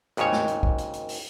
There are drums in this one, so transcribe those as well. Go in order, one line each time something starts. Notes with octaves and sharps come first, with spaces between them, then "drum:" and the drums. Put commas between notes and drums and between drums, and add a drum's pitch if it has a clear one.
G#1 D#2 G#2 C#3 C#5, drum: hi-hat
drum: snare
drum: hi-hat
drum: kick
drum: hi-hat
drum: hi-hat
drum: open hi-hat